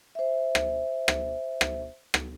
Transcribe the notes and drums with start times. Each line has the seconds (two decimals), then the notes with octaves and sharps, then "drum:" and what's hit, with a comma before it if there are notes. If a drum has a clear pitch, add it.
0.15 C5 E5
0.55 drum: rim click
1.08 drum: rim click
1.61 drum: rim click
2.14 drum: rim click